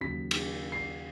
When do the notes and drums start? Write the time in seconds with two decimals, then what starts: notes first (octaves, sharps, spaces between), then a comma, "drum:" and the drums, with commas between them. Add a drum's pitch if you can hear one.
0.01 D#2 C#3 F#3 B6
0.31 drum: cymbal
0.72 C7